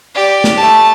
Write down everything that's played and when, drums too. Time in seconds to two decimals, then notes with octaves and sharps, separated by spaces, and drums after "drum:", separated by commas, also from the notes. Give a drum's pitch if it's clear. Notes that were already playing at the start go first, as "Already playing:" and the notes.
0.15 G4 D5
0.44 drum: snare
0.57 A3 A5